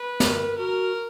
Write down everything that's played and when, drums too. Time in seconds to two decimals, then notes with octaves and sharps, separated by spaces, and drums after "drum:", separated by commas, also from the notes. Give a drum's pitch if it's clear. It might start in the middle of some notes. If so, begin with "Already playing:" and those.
Already playing: B4
0.20 A#4, drum: snare
0.58 F#4 A#4